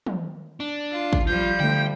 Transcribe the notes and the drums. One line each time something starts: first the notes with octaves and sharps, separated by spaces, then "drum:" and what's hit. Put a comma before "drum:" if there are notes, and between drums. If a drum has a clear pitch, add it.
drum: tom
D4
F4
drum: kick
F3 G3 F4 G6
D3 A3 G5